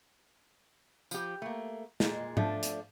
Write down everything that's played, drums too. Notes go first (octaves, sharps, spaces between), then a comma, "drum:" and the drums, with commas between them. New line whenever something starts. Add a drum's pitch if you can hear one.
F3 G4, drum: tambourine
A3 A#3
A#2 G#3, drum: snare
F3 A3 D4, drum: tom G#2
drum: hi-hat